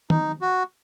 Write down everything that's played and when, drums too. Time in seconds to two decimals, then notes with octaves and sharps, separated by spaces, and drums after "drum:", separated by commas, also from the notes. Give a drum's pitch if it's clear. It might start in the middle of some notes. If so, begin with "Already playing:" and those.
0.10 D#4, drum: tom D#3
0.41 F#4